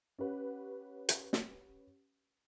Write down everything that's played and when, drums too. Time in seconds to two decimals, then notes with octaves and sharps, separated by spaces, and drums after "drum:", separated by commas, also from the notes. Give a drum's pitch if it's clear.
0.19 C#4 G4 B4 F#5
1.09 drum: hi-hat
1.33 drum: snare